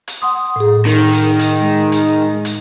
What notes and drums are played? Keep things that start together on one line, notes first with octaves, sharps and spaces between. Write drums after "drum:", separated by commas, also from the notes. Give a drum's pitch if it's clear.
drum: hi-hat
F#5 C6 D#6
A2 G#4
D#3 A#4, drum: hi-hat
drum: hi-hat
drum: hi-hat
G#3
drum: hi-hat
drum: hi-hat